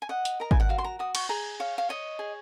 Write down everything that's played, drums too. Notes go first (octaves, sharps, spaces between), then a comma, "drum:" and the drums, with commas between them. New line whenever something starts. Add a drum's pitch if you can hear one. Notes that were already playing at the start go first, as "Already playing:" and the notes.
G#5
D#5 F#5
drum: hi-hat
A#4 A#5
G#5, drum: kick
F#5
F#4 F5
C6
A#5
F#4 D#6
C#6, drum: cymbal
G#4 A#5
C#5 F5
F5
C#5 D#5
G#4